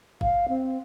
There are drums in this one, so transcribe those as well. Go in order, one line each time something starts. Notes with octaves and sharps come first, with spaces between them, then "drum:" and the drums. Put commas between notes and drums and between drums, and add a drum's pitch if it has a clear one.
F5, drum: kick
C4